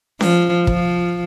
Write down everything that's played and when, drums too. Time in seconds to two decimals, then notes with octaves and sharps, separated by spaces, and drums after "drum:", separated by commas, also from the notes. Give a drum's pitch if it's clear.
0.21 F3, drum: snare C#4
0.67 F3, drum: kick